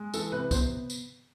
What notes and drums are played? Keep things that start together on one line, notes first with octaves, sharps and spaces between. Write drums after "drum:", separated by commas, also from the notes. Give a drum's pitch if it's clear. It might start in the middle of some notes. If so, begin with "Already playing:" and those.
Already playing: G#3
E3 A4, drum: tambourine
C3 B4
B3 C5, drum: kick, tambourine
drum: tambourine